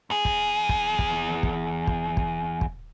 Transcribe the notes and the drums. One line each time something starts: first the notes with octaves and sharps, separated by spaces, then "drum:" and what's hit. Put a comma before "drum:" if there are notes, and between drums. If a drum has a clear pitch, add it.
E2 G#4
drum: kick
drum: kick
drum: kick
drum: kick
drum: kick
drum: kick
drum: kick